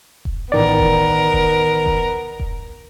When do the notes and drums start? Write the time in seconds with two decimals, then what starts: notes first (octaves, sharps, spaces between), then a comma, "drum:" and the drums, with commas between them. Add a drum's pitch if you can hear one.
0.25 drum: kick E1
0.52 A1 D#3 B3 A#4 D5
0.79 drum: kick E1
1.32 drum: kick E1
1.86 drum: kick E1
2.40 drum: kick E1